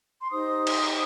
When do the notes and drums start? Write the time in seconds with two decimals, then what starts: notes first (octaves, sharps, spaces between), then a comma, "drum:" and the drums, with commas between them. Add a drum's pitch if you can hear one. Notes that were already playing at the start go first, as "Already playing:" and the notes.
0.21 C6
0.31 D#4 G4 C5 D#6
0.67 drum: cymbal